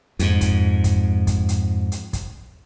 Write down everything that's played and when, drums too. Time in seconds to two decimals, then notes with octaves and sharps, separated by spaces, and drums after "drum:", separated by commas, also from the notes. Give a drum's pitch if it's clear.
0.19 F2 G#2, drum: hi-hat
0.41 drum: kick, hi-hat
0.84 drum: kick, hi-hat
1.27 drum: kick, hi-hat
1.49 drum: hi-hat
1.92 drum: hi-hat
2.13 drum: kick, hi-hat